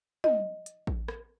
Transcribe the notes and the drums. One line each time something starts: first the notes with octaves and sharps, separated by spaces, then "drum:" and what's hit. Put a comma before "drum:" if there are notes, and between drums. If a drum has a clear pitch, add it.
D#5, drum: tom
drum: hi-hat
drum: kick A1
drum: rim click